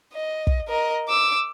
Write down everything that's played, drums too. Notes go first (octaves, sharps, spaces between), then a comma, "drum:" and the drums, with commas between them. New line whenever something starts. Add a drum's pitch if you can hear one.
D#5
drum: kick
A#4 D#5
D6 E6